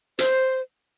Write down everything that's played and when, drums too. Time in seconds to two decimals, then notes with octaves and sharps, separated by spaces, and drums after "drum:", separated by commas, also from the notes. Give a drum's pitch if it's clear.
0.19 C5, drum: hi-hat